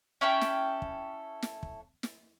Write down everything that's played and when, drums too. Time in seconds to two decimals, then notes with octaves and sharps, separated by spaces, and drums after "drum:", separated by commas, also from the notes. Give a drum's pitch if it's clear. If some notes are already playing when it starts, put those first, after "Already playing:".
0.21 C#4 E4 A4 G5
0.41 drum: snare
0.82 drum: kick
1.42 drum: snare
1.63 drum: kick
2.03 drum: snare